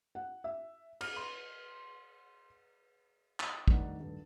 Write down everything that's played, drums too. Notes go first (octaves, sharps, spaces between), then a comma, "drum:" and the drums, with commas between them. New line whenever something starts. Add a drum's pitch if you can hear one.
F#5
E5
F6, drum: cymbal
C6
D#5 G5 D#6 E6 A6, drum: clap
F1 G2 D#3 D5 F#5, drum: kick
D#1 G2